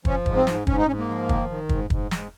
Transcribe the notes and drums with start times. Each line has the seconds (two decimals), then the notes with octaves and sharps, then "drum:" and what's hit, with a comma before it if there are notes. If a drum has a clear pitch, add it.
0.05 F3 C#4, drum: kick
0.26 G#2, drum: kick
0.36 C4
0.47 G#2, drum: snare
0.67 G#2 C#4, drum: kick
0.77 D#4
0.87 G#2 C#4
0.98 A#3
1.09 F3
1.29 D#3, drum: kick
1.49 D#3
1.69 G#2, drum: kick
1.90 G#2, drum: kick
2.11 G#2, drum: snare